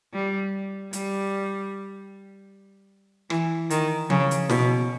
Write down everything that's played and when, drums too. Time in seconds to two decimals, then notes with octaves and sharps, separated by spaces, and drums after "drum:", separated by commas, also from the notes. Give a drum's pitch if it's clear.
0.14 G3
0.93 G3, drum: hi-hat
3.30 E3, drum: rim click
3.70 D#3, drum: hi-hat
4.10 C#3, drum: tom F3
4.31 drum: hi-hat
4.50 B2, drum: snare